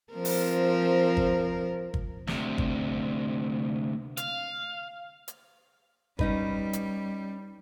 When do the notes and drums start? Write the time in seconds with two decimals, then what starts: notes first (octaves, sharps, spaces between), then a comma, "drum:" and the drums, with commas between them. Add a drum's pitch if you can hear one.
0.13 F3 C4 A#4
0.25 drum: open hi-hat
1.17 drum: kick G1
1.94 drum: kick G1
2.27 D2 C3, drum: snare
2.58 drum: kick G1
4.17 F5, drum: hi-hat
5.28 drum: hi-hat
6.19 G3 C#4 D#4 B4, drum: kick G1
6.73 drum: hi-hat